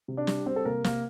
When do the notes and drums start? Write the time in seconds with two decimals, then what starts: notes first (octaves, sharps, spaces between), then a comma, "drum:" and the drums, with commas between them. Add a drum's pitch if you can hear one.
0.08 C3
0.17 D4 D5
0.27 G3, drum: snare
0.46 G3 C4 C5
0.56 A4
0.65 C3 A#3 A#4
0.84 C3 A#3 A#4, drum: snare